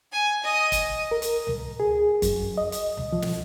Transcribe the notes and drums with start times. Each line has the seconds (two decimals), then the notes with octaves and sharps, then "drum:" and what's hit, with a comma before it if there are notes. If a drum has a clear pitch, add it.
0.12 G#5
0.43 D#5
0.72 drum: kick, hi-hat
1.11 A#4
1.22 drum: hi-hat
1.47 drum: tom C#2
1.80 G#4
2.22 F#2, drum: kick, hi-hat
2.58 D#5
2.72 drum: hi-hat
2.97 drum: tom C#2
3.13 F3
3.22 drum: snare